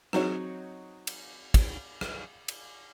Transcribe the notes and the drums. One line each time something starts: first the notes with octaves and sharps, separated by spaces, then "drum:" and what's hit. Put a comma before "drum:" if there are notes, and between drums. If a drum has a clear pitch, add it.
F#3 C4 D#4 F#4 G#4 C#5, drum: rim click
drum: cymbal
drum: kick, cymbal
drum: rim click
drum: cymbal